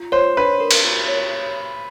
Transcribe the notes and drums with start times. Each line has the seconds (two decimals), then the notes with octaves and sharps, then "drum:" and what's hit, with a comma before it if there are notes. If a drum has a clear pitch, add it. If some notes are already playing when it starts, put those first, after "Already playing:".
Already playing: F4
0.12 C5 C#5
0.37 D4 B4
0.60 A#4
0.71 drum: cymbal
0.84 F4
1.08 C#5